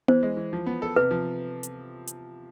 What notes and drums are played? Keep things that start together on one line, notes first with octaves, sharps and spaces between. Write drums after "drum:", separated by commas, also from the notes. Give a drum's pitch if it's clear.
E3 C5, drum: tom B3
G#3
E3
F3
B3
A4
C3 B4
F3
drum: hi-hat
drum: hi-hat